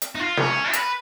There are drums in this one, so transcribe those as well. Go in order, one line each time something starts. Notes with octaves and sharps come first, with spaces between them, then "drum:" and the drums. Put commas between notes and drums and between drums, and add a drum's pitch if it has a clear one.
drum: hi-hat
D#4
F4
C#4, drum: snare
B4, drum: hi-hat